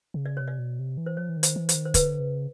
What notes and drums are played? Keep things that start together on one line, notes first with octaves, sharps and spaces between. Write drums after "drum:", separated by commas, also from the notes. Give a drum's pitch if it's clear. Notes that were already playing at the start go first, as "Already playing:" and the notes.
C#3
D5
C3 C#5
D5
B2
C3
E3
C5
F3 C#5
E3
D#3
C5, drum: hi-hat
E3
C5, drum: hi-hat
D#3
C5
D3 B4, drum: kick, hi-hat
C#3